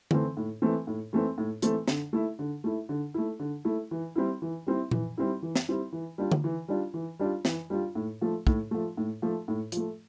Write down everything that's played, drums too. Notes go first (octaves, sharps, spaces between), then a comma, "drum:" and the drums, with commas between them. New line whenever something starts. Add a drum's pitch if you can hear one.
E3 A3 C4, drum: tom D3
A2
E3 A3 C4
A2
E3 A3 C4
A2
E3 A3 C4, drum: hi-hat
D3, drum: snare
A3 E4
D3
A3 E4
D3
A3 E4
D3
A3 E4
E3
G3 C4 E4
E3
G3 C4 E4
E3, drum: tom A#2
G3 C4 E4
E3
drum: snare
G3 C4 E4
E3
G3 D4 F4
drum: tom D3
E3
G3 D4 F4
E3
G3 D4 F4
E3, drum: snare
G3 D4 F4
A2
F3 A3
A2, drum: kick
F3 A3
A2
F3 A3
A2
F3 A3, drum: hi-hat